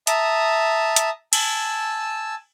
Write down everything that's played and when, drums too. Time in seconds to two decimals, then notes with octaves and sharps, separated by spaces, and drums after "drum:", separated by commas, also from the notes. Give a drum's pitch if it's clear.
0.07 E5 A5 A#5 D#6, drum: hi-hat
0.96 drum: hi-hat
1.33 G#5 A5 E6, drum: cymbal